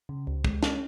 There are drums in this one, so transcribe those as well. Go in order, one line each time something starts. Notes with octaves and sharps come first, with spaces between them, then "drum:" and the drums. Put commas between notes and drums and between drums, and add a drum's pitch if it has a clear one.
C#3
C#2
G#3, drum: kick
C#4, drum: snare